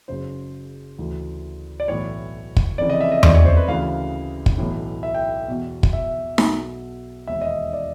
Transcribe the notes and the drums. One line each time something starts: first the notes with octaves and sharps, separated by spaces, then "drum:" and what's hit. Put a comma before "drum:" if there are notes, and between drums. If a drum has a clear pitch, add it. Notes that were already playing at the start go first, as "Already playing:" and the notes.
F#1 F#2 C#3 C5
D2 C#3 E3
D5
B1 A2 E3 C#5
drum: kick
F1 F2 C#3 E3 D5
D#5
E5
D#5
D5, drum: tom E2
C#5
C5
B4
D2 C#3 E3 F5
drum: kick
B1 A2 E3
E5
G5
E2 B2
drum: kick
E5
B1 B2, drum: snare D#4
E1 D#2 D#3 E5
D#5
E5
D5